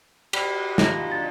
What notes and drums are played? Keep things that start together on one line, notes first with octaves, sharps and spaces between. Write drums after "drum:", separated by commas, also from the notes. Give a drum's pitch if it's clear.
G4 D5 B5, drum: cymbal
F3 A#3 D#4 A#6, drum: snare
D3 D#4 A6